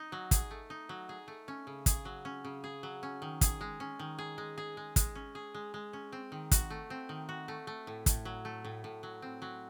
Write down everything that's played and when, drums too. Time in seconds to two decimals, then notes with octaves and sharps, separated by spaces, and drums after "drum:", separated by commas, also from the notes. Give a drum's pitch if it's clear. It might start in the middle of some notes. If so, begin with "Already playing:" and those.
Already playing: D#4
0.12 F#3
0.31 G#4, drum: kick, hi-hat
0.51 A3
0.70 D#4
0.89 F#3
1.09 G#4
1.28 A3
1.48 C#4
1.67 C#3
1.86 G#4, drum: kick, hi-hat
2.05 F#3
2.25 C#4
2.45 C#3
2.64 G#4
2.83 F#3
3.03 C#4
3.22 D#3
3.41 G#4, drum: kick, hi-hat
3.61 G#3
3.80 C#4
3.99 D#3
4.18 G#4
4.38 G#3
4.58 G#4
4.77 G#3
4.96 G#3, drum: kick, hi-hat
5.15 C#4
5.35 G#4
5.54 G#3
5.74 G#3
5.93 C#4
6.12 C4
6.32 D#3
6.51 F#4, drum: kick, hi-hat
6.70 A3
6.90 C4
7.09 D#3
7.29 F#4
7.48 A3
7.67 A3
7.87 A2
8.06 A2, drum: kick, hi-hat
8.25 F#3
8.45 A3
8.65 A2
8.84 A2
9.03 F#3
9.22 C4
9.42 F#3